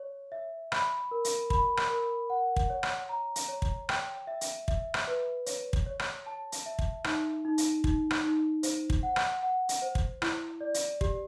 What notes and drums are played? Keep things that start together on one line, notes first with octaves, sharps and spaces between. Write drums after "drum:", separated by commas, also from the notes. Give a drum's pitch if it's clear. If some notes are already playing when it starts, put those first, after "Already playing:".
Already playing: C#5
E5
B5, drum: rim click
A#4
drum: hi-hat
B5, drum: kick
drum: rim click
A#4
F#5
drum: kick
C#5
drum: rim click
A#5
drum: hi-hat
C#5
drum: kick
G5, drum: rim click
E5
drum: hi-hat
E5, drum: kick
drum: rim click
B4
C#5, drum: hi-hat
drum: kick
C#5
drum: rim click
A5
drum: hi-hat
E5
drum: kick
D#4, drum: rim click
D#4
drum: hi-hat
D#4, drum: kick
drum: rim click
D#4
C5, drum: hi-hat
drum: kick
F#5
drum: rim click
F#5
drum: hi-hat
C5
drum: kick
E4, drum: rim click
D5
drum: hi-hat
G4, drum: kick